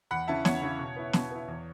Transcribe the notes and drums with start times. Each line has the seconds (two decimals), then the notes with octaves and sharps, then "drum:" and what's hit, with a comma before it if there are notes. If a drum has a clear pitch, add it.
0.11 E2 F#5 B5
0.28 C#3 E3 C#4 E4 E5 A5
0.45 E2 C#5 F#5, drum: snare
0.62 C#3 E3 C#4 E4
0.79 B2
0.96 B3 E4
1.13 B2, drum: snare
1.31 B3 E4
1.48 E2